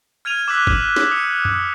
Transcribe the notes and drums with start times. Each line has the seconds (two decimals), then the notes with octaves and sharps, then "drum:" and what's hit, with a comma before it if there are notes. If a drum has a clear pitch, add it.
0.25 F6 G#6 D#7 F7
0.48 D6 E6 F#6 B6
0.67 drum: kick
0.96 drum: snare
1.11 D#6 C#7
1.45 drum: tom F2